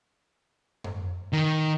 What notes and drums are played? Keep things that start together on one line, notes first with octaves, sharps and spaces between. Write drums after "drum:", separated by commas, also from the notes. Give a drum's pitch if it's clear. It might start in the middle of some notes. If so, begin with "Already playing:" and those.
drum: tom F#2
D#3